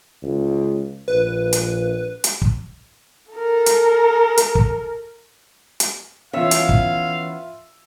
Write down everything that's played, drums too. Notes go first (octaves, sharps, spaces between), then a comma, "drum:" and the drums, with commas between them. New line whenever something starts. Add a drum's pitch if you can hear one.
C#2
A#1 B4
drum: hi-hat
drum: hi-hat
drum: kick
A4 A#4
drum: hi-hat
drum: hi-hat
drum: kick
drum: hi-hat
E3 B3 C#4 F4 C#5 E5 F5 E6
drum: hi-hat
drum: kick